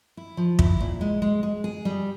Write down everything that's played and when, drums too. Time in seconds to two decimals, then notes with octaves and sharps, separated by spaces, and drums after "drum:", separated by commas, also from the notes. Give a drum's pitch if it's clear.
0.17 E4
0.37 F3
0.59 E4, drum: kick
0.81 A#2
1.01 G#3
1.22 G#3
1.43 G#3
1.64 G#4
1.85 G3